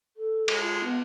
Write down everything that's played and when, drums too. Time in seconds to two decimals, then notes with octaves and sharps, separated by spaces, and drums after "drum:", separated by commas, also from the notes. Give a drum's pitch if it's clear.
0.17 A4
0.48 G#3, drum: cymbal
0.61 F4
0.84 B3